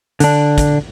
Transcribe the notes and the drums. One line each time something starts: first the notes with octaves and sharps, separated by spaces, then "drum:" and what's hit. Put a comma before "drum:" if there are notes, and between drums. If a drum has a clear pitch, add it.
D3 D4, drum: hi-hat
drum: kick, hi-hat